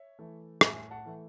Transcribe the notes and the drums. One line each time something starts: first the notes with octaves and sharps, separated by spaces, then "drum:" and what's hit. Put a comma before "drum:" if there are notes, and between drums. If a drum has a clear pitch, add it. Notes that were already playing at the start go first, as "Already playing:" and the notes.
Already playing: C#5 E5
E3 A3
A2 E5 G#5, drum: rim click
F#5 A5
E3 A3